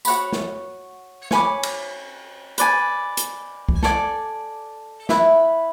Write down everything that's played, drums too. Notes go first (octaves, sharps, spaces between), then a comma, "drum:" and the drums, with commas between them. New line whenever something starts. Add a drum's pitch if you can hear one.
F#4 C#5 F#5 B5, drum: tambourine
drum: snare
C#5 G#5 B5 D6, drum: snare
drum: cymbal
B4 D5 G#5, drum: hi-hat
drum: hi-hat
drum: kick C2
A4 D5 G#5, drum: snare
E4 B4 E5, drum: snare